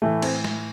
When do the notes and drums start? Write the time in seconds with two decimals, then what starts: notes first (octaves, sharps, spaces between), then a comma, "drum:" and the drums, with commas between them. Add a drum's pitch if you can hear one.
0.02 A2 E3 A3
0.22 C4, drum: cymbal
0.44 drum: snare